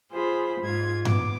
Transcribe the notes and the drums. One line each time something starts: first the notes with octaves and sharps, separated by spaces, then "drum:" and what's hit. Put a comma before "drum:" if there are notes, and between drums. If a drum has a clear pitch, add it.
F4 G#4 C5 B5
G#2 F4 G#6
B3 D6, drum: tom G2